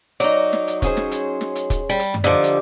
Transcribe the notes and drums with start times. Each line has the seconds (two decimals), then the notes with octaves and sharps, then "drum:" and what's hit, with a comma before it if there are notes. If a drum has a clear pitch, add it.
0.20 F#3 D#4 D5
0.53 drum: snare
0.67 drum: hi-hat
0.82 C#4 G#4 C5, drum: kick, hi-hat
0.97 drum: snare
1.11 drum: hi-hat
1.41 drum: snare
1.55 drum: hi-hat
1.70 drum: kick, hi-hat
1.89 G3
1.99 drum: hi-hat
2.14 drum: tom F#2
2.24 D3 F3 G3 D#4
2.43 drum: hi-hat